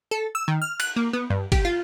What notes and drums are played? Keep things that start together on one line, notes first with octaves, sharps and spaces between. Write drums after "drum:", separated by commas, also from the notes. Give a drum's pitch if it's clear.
A4
E6
D#3
F6
F#6, drum: cymbal
A#3
B3
G2
G4, drum: kick G1, cymbal
F4